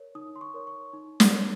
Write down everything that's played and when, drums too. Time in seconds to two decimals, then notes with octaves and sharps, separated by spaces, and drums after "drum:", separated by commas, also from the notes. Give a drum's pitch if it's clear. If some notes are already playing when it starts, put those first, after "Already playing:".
Already playing: A#4 C#5
0.15 D#4 D#6
0.36 C6
0.41 C#6
0.54 A#4 C#5
0.67 C#6
0.93 D#4
1.20 D#6, drum: snare
1.33 A#4 C#5